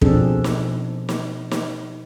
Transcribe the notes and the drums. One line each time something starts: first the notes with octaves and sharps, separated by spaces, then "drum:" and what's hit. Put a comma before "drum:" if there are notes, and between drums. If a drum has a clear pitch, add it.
B2 F3 C4 D4 G#4 A4, drum: kick
drum: snare
drum: snare
drum: snare